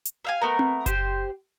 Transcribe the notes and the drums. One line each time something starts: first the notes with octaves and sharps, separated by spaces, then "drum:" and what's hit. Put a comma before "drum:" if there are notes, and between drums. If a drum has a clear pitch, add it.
drum: hi-hat
E5 F5 G#5
A3 B3 A#4
drum: tom C4
G4 C5, drum: kick F#1, hi-hat